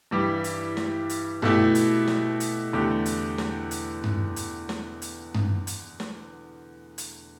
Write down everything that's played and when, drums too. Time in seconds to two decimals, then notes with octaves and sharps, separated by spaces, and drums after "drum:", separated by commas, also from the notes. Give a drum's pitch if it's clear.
0.11 G2 E3 G3 E4 G4
0.44 drum: hi-hat
0.77 drum: snare
1.09 drum: hi-hat
1.42 B2 A3 E4 G4, drum: tom G2
1.75 drum: hi-hat
2.08 drum: snare
2.40 drum: hi-hat
2.73 E2 D3 A3 G4
3.06 drum: hi-hat
3.38 drum: snare
3.71 drum: hi-hat
4.04 drum: tom G2
4.36 drum: hi-hat
4.69 drum: snare
5.02 drum: hi-hat
5.34 drum: tom G2
5.67 drum: hi-hat
6.00 drum: snare
6.98 drum: hi-hat